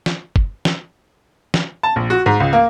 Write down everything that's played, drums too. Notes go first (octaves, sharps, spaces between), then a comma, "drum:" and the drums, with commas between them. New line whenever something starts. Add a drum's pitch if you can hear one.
drum: snare
drum: kick
drum: snare
drum: snare
A5
A#1
F#4
G#2
C#2
A#3